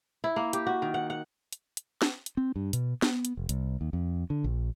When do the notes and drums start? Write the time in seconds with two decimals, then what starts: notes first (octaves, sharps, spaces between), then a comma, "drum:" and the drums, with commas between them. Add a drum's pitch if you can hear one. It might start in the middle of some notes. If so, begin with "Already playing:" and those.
0.24 E4
0.36 A#3
0.53 G4, drum: hi-hat
0.67 F#4
0.82 D#3
0.94 F#5
1.10 F#5
1.53 drum: hi-hat
1.77 drum: hi-hat
2.02 drum: snare
2.26 drum: hi-hat
2.37 C4
2.56 G2
2.73 B2, drum: hi-hat
3.02 B3, drum: snare
3.25 drum: hi-hat
3.37 F1
3.49 C2, drum: hi-hat
3.81 D#2
3.93 F2
4.30 D3
4.44 A#1